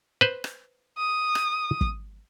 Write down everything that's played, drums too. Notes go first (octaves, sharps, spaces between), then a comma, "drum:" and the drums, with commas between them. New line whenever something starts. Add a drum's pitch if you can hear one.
B4 C5
drum: rim click
D#6
drum: rim click
drum: kick